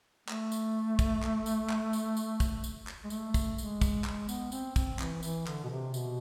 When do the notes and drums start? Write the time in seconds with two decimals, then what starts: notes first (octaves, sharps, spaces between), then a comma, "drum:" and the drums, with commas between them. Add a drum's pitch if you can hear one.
0.29 A3, drum: clap
0.52 drum: tambourine
0.99 drum: kick, tambourine
1.22 drum: clap
1.46 drum: tambourine
1.70 drum: clap
1.93 drum: tambourine
2.17 drum: tambourine
2.40 drum: kick, tambourine
2.64 drum: tambourine
2.87 drum: clap
3.04 G#3
3.10 A3, drum: tambourine
3.34 drum: kick, tambourine
3.58 G#3, drum: tambourine
3.81 drum: kick, tambourine
4.04 G#3, drum: clap
4.29 B3, drum: tambourine
4.52 C4, drum: tambourine
4.76 C4, drum: kick, tambourine
4.99 E3, drum: clap
5.23 E3, drum: tambourine
5.46 D3, drum: clap
5.64 B2
5.69 C3
5.94 B2, drum: tambourine